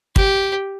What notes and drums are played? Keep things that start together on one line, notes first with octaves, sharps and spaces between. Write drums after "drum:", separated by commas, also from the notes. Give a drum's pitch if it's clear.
G4, drum: kick